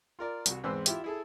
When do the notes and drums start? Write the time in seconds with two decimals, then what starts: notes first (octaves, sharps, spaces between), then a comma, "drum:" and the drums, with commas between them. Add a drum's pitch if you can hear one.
0.19 F4 A#4 D5
0.46 C2 F#4, drum: hi-hat
0.64 E2 G#2 C4 B4 C5 E6
0.86 E4 F4 G4 E5, drum: hi-hat
1.04 E4 G#4 A4